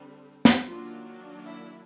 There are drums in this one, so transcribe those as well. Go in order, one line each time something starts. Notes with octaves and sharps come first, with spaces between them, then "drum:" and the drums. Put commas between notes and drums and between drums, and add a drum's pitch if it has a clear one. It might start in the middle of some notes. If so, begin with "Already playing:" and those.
Already playing: D3 G3 C4
drum: snare
D#3 F#3 A#3 D4 F4
E4